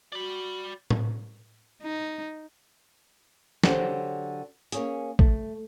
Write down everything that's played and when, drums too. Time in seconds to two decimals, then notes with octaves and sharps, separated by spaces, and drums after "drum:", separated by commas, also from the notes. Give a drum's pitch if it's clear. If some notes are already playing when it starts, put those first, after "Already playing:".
0.12 F#4 D5 B5
0.90 drum: tom A2
1.82 D#4
3.64 D3 F#3 G4 C5, drum: snare
4.72 A#3 C#4 G#4, drum: hi-hat
5.19 A3, drum: kick